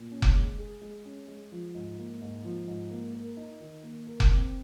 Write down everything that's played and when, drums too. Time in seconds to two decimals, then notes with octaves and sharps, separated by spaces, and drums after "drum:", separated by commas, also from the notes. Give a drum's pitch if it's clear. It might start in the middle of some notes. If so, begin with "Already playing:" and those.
Already playing: A#2
0.12 C#4
0.22 drum: kick F1
0.35 G#3
0.58 G#4
0.82 G#3
1.05 C#4
1.28 G#3
1.52 F3
1.75 G#2
1.98 A#3
2.21 G#2
2.44 F3
2.68 G#2
2.91 A#3
3.13 A#4
3.37 D#4
3.61 D#3
3.83 A#3
4.07 A#4
4.20 drum: kick F1
4.30 C4